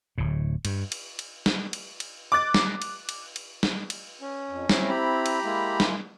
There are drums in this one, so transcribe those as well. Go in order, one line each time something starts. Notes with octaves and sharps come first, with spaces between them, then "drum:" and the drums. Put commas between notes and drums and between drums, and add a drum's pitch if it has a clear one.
D1 A2
G2, drum: cymbal
drum: cymbal
drum: cymbal
drum: snare
drum: cymbal
drum: cymbal
D6 F#6 A6
drum: snare
drum: cymbal
drum: cymbal
drum: cymbal
drum: snare
drum: cymbal
C#4
F2
C4 E4, drum: snare
G4 A#5 B5
drum: cymbal
G#3 A#3 E4
drum: snare